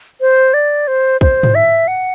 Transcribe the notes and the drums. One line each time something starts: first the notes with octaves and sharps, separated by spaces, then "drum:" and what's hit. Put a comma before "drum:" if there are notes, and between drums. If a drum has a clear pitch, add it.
C5
D5
C5
C5, drum: kick
drum: tom G#2
E5
F#5